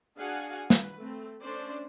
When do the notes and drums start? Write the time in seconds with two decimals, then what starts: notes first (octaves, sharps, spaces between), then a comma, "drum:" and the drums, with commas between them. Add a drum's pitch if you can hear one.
0.18 D4 F#4 G#4 F5 F#5 G#5
0.70 B4, drum: snare
0.99 A3 C4
1.41 A3 C#4 D4 C5 D5